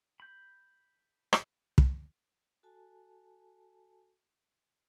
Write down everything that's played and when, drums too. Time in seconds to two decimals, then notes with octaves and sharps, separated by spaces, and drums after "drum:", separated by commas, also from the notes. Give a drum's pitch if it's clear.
0.20 B5 G6
1.33 drum: rim click
1.78 drum: kick
2.63 F#4 A4 G#5 A5